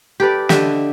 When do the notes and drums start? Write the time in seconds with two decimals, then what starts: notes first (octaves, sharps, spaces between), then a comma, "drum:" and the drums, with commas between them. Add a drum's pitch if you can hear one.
0.20 G4 A4 B4 D5
0.49 D3 G4 D#5 E5, drum: snare